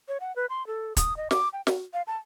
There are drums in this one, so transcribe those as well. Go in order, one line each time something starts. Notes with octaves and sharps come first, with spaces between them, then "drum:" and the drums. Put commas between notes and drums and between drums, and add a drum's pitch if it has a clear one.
C#5
F#5
B4
C6
A4
D#6, drum: kick, hi-hat
D#5
D6, drum: snare
G5
F#4, drum: snare
F5
A5